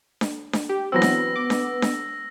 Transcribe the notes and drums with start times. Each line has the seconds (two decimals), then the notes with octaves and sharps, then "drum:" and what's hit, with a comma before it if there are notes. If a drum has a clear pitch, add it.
0.21 drum: snare D4
0.53 drum: snare D4
0.69 G4
0.92 E3 F#3 B3 C4 E6 A#6
1.02 drum: snare D4
1.36 D6
1.50 drum: snare D4
1.82 drum: snare D4